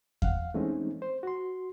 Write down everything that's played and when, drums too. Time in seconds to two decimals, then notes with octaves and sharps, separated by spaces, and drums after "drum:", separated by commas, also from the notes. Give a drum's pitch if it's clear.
0.22 F5 F#5, drum: kick E2
0.54 E3 G#3 A3 C4 C#4 D#4
1.02 C5
1.23 F#4 C6